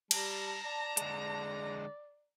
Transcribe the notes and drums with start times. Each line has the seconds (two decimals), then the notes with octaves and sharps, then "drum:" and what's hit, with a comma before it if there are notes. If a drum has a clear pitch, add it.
0.11 G3 A5 A#5 A#6, drum: cymbal
0.65 D5
0.97 D3 G#3, drum: hi-hat